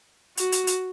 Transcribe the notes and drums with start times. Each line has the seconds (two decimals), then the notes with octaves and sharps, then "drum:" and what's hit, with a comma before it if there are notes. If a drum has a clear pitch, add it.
0.37 F#4, drum: hi-hat
0.52 drum: hi-hat
0.67 drum: hi-hat